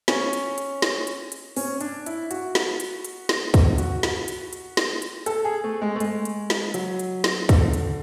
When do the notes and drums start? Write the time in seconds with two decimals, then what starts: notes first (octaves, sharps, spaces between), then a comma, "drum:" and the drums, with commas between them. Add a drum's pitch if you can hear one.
0.08 C#4, drum: snare
0.33 drum: hi-hat
0.58 drum: hi-hat
0.82 drum: snare
1.07 drum: hi-hat
1.32 drum: hi-hat
1.56 C#4, drum: open hi-hat
1.81 D4, drum: hi-hat
2.06 E4, drum: hi-hat
2.31 F#4, drum: hi-hat
2.55 drum: snare
2.80 drum: hi-hat
3.05 drum: hi-hat
3.29 drum: snare
3.54 drum: kick, hi-hat
3.78 F#4, drum: hi-hat
4.03 drum: snare
4.28 drum: hi-hat
4.53 drum: hi-hat
4.77 drum: snare
5.02 drum: hi-hat
5.26 A4, drum: hi-hat
5.45 G#4
5.64 A3
5.82 G#3
5.96 A3
6.00 G#3, drum: hi-hat
6.25 drum: hi-hat
6.50 drum: snare
6.74 F#3, drum: hi-hat
6.99 drum: hi-hat
7.24 drum: snare
7.49 D3, drum: kick, hi-hat
7.73 drum: hi-hat